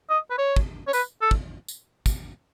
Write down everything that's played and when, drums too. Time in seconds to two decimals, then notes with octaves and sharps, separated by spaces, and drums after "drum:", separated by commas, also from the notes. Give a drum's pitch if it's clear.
0.09 D#5
0.30 B4
0.38 C#5
0.56 drum: kick
0.88 C#5
0.93 B4, drum: tambourine
1.22 A4
1.31 drum: kick
1.68 drum: tambourine
2.06 drum: kick, tambourine